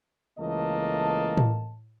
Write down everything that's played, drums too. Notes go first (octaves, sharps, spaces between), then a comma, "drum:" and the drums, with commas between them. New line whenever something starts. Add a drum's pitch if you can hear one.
C#2 E3 A3 A#3 D#5 A5
drum: tom A2